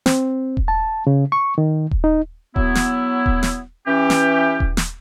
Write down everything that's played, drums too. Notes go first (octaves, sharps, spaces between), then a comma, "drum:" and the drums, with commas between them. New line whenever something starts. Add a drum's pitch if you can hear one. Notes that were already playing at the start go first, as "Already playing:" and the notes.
C4, drum: snare
drum: kick D#1
A5
C#3
C#6
D#3
drum: kick D#1
D#4
F#3 B3 E4, drum: kick D#1
drum: snare
drum: kick D#1
drum: snare
E3 C#4 G4
drum: snare
drum: kick D#1
drum: snare